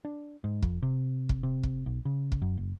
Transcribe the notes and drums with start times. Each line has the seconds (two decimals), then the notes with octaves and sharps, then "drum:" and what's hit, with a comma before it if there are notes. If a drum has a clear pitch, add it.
0.05 D4
0.44 G#2
0.62 F2, drum: kick
0.83 C3
1.29 drum: kick
1.43 C3
1.63 drum: kick
1.86 B1
2.05 C#3
2.32 drum: kick
2.42 F#2
2.57 F#1